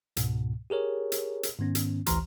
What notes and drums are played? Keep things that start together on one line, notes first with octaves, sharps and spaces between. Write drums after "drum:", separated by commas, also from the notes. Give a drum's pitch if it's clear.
C#2 G#2 B2, drum: hi-hat
G4 G#4 A#4 C#5
drum: hi-hat
drum: hi-hat
G#2 D#3 B3 C#4
drum: hi-hat
A1 D2 E3 A#5 C6 F6, drum: hi-hat